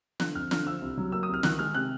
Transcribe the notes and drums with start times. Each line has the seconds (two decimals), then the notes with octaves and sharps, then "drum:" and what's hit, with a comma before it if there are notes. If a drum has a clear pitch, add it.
0.20 D3 F#6, drum: snare
0.35 F2 F6
0.51 D3 F6, drum: snare
0.66 F3 E6
0.82 C2
0.98 F#3
1.12 A#3 E6
1.23 D#6
1.29 C2
1.34 F6
1.43 D#3 F#6, drum: snare
1.59 G#3 F6
1.74 C3 F#6